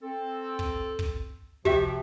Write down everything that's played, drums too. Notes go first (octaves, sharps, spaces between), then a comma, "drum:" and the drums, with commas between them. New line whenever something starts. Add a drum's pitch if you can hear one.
C4 A4
drum: kick
drum: kick
C3 F3 F#4 G4 E5 G5, drum: kick